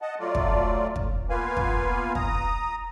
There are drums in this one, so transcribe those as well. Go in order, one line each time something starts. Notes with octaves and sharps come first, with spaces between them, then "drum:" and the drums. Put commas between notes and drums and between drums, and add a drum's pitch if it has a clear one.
D#5 F#5 A5
F#3 A3 F4 D5
drum: kick
drum: kick
A#3 B3 F4 B4 F5 G#5
drum: kick
A#5 D#6, drum: kick